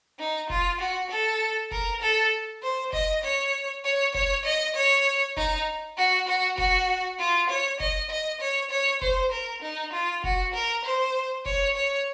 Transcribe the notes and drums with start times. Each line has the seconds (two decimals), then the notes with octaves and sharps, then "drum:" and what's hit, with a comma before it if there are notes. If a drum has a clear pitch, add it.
0.19 D#4
0.50 F4, drum: kick
0.80 F#4
1.10 A4
1.71 A#4, drum: kick
2.02 A4
2.63 C5
2.93 D#5, drum: kick
3.24 C#5
3.84 C#5
4.14 C#5, drum: kick
4.45 D#5
4.76 C#5
5.37 D#4, drum: kick
5.97 F#4
6.28 F#4
6.58 F#4, drum: kick
7.19 F4
7.50 C#5
7.80 D#5, drum: kick
8.10 D#5
8.41 C#5
8.71 C#5
9.02 C5, drum: kick
9.32 A#4
9.62 D#4
9.93 F4
10.24 F#4, drum: kick
10.54 A#4
10.84 C5
11.45 C#5, drum: kick
11.76 C#5